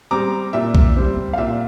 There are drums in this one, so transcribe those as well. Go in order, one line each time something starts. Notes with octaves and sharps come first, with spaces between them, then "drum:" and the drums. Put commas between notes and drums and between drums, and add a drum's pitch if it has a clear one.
G3 C4 A#5 D6
A#2 E5
drum: kick
G3 C4
F5
A#2 E5